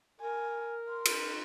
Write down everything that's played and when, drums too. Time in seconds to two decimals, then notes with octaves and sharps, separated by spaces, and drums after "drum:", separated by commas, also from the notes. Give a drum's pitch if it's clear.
0.21 A#4 G#5
0.89 C6
1.05 drum: cymbal